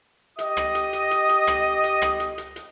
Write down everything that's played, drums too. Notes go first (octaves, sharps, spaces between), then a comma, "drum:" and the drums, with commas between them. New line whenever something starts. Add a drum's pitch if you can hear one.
G4 D#5 D#6, drum: hi-hat
drum: rim click
drum: hi-hat
drum: hi-hat
drum: hi-hat
drum: hi-hat
drum: rim click
drum: hi-hat
drum: rim click
drum: hi-hat
drum: hi-hat
drum: hi-hat